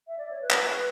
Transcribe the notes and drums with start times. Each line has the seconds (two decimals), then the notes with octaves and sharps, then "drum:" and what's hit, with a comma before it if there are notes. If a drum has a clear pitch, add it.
0.08 E5
0.18 D5
0.30 C#5
0.42 B4
0.51 drum: clap